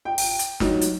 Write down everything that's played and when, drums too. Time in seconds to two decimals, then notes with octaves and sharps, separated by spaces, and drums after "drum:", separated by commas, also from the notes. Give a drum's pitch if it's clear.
0.05 G5
0.18 drum: open hi-hat
0.39 drum: hi-hat
0.60 F#3 D#4, drum: snare
0.81 drum: hi-hat